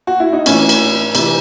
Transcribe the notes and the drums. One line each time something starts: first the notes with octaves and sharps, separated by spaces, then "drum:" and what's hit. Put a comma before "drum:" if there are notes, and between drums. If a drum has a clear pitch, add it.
F#4
E4
D#4
A2 E3 C#4, drum: cymbal
drum: cymbal
C3 E3, drum: cymbal